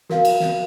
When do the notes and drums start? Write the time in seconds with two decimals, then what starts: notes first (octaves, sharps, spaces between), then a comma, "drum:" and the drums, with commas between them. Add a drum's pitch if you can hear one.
0.10 F#4 A#4 F5, drum: snare
0.25 drum: cymbal
0.40 drum: snare